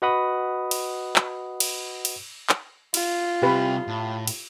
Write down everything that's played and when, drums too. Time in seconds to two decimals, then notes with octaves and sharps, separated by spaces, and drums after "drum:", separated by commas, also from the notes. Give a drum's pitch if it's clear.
0.02 F#4 B4 D#5 F#5 B5 D#6
0.71 drum: cymbal
1.16 drum: clap
1.60 drum: cymbal
2.05 drum: cymbal
2.49 drum: clap
2.94 F4, drum: cymbal
3.42 C3 G3 G4 B4
3.87 A2
4.27 drum: cymbal